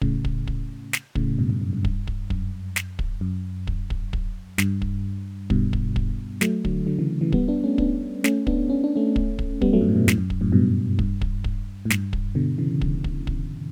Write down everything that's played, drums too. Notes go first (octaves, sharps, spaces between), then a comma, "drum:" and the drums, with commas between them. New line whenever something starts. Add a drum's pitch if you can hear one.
A2 C#3, drum: kick
drum: kick
drum: kick
drum: snare
A2 C#3, drum: kick
G2 B2
G2
F#2
G2
drum: kick
drum: kick
F#2, drum: kick
drum: snare
drum: kick
F#2
drum: kick
drum: kick
drum: kick
G2, drum: snare
drum: kick
G2 B2, drum: kick
drum: kick
drum: kick
F#3 A3, drum: snare
D3 F#3, drum: kick
D3 F#3
C#3 E3
C#3 E3
G3 B3, drum: kick
B3 D4
A3 C#4
B3 D4, drum: kick
A3 C#4, drum: snare
B3 D4, drum: kick
C#4
D4
A3 C#4
drum: kick
drum: kick
G3 B3, drum: kick
F#3 A3
G2
A2
G2 B2
F#2 A2, drum: snare
F#2
drum: kick
F#2 A2
G2 B2
G2, drum: kick
drum: kick
drum: kick
A2
G2, drum: snare
drum: kick
B2 D3
C#3 E3
drum: kick
drum: kick
drum: kick